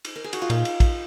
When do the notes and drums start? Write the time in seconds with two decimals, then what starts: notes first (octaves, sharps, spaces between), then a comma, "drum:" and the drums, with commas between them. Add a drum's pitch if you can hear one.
0.05 drum: cymbal
0.16 A#4
0.24 G#4
0.33 F#4, drum: cymbal
0.42 F4
0.50 A#2 D#4, drum: cymbal
0.65 drum: cymbal
0.80 drum: kick, cymbal